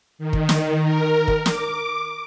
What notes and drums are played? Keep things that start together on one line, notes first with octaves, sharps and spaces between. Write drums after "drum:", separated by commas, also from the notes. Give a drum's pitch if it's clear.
D#3
drum: kick
drum: snare
A#4
drum: kick
D6, drum: snare